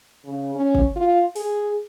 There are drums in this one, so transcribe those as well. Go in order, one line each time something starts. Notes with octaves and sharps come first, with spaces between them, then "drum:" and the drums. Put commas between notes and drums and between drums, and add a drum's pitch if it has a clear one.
C#3
C#4
drum: kick
F4
G#4, drum: open hi-hat